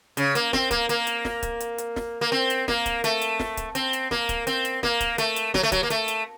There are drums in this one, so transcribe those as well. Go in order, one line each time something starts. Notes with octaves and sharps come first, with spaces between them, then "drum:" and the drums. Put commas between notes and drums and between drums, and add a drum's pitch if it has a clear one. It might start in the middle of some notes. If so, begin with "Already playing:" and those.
C#3, drum: hi-hat
A#3, drum: hi-hat
C4, drum: snare
A#3, drum: kick D1, hi-hat
A#3, drum: hi-hat
drum: hi-hat
drum: snare
drum: kick D1, hi-hat
drum: hi-hat
drum: hi-hat
drum: snare
A#3
C4
drum: hi-hat
A#3, drum: snare
drum: kick D1, hi-hat
A3, drum: hi-hat
drum: hi-hat
drum: snare
drum: kick D1, hi-hat
C4, drum: hi-hat
drum: hi-hat
A#3, drum: snare
drum: kick D1, hi-hat
C4, drum: hi-hat
drum: hi-hat
A#3, drum: snare
drum: kick D1, hi-hat
A3, drum: hi-hat
drum: hi-hat
F#3, drum: snare
A3
F#3, drum: kick D1, hi-hat
A#3
A3, drum: hi-hat
drum: hi-hat